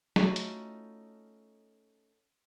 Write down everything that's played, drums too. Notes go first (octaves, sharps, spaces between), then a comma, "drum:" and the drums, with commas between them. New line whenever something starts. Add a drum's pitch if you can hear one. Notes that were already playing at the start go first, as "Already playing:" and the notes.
A3 C#4 D#4 F4 F#4, drum: snare
drum: hi-hat